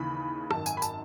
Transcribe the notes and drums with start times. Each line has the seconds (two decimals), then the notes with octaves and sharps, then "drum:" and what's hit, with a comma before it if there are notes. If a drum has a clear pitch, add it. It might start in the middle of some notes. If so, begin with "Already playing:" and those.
Already playing: D#2 C#3 E3 B5
0.51 G#1 F#2 D#3 A5, drum: rim click
0.66 G#5, drum: tambourine
0.77 B5
0.82 A5, drum: tambourine